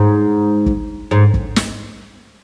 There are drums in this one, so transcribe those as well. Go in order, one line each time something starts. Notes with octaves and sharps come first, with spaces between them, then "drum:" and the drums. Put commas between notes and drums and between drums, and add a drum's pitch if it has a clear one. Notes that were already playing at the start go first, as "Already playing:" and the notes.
Already playing: G#2
drum: kick
G#2
drum: kick
drum: snare